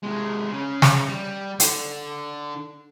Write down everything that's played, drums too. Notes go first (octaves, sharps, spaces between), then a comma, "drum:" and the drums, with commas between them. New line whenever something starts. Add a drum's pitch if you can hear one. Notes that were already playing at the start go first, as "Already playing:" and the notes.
C3 G#3
C#3 C#4
drum: snare
G3
D3, drum: hi-hat